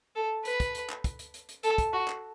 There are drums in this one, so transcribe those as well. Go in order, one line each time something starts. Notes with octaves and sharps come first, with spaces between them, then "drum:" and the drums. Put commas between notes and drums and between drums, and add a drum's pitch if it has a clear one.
A4
B4, drum: hi-hat
drum: kick, hi-hat
drum: hi-hat
drum: clap
drum: kick, hi-hat
drum: hi-hat
drum: hi-hat
drum: hi-hat
A4, drum: hi-hat
drum: kick, hi-hat
F#4
drum: clap